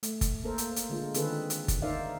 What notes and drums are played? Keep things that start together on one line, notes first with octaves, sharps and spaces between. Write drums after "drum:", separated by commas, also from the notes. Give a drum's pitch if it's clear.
A3, drum: hi-hat
drum: kick, hi-hat
A#3 A4 A#4 C5
drum: hi-hat
drum: hi-hat
D3 G#3 F4
D3 D#3 C4 G#4 A4 B4, drum: hi-hat
drum: hi-hat
drum: kick, hi-hat
D#4 A#4 C5 D5 E5 F5